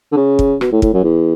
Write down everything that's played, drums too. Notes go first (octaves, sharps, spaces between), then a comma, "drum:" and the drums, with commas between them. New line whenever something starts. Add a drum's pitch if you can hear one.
D3
C#3
drum: kick
B2, drum: rim click
A2
A2, drum: kick
F#2
E2